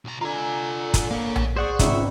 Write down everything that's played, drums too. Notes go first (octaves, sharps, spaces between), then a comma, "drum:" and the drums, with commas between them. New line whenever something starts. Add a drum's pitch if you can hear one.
B1 A#5
D3 F4 G#5 A#5
drum: kick, hi-hat
A#3 C#5 F5
drum: tom A#1
G#4 C5 D5 F#5 C#6
G#1 C#2 D#4 E5, drum: kick, hi-hat